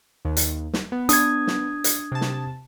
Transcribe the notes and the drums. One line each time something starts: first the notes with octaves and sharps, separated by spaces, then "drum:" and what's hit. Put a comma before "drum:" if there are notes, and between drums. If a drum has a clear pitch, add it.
D#2
drum: hi-hat
drum: snare
B3
D4 D#6 G#6, drum: hi-hat
drum: snare
drum: hi-hat
C3 A5
drum: snare